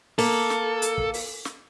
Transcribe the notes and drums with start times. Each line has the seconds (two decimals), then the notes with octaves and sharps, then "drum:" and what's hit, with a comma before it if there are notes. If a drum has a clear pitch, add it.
0.19 A#3 A4, drum: open hi-hat
0.50 drum: snare
0.82 drum: hi-hat
0.98 drum: kick
1.14 drum: open hi-hat
1.45 drum: snare